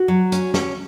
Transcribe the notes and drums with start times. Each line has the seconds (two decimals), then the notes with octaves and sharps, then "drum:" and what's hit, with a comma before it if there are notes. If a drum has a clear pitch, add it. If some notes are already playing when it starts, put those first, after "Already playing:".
Already playing: F#4
0.08 F#3
0.32 C#4, drum: hi-hat
0.54 C#4, drum: snare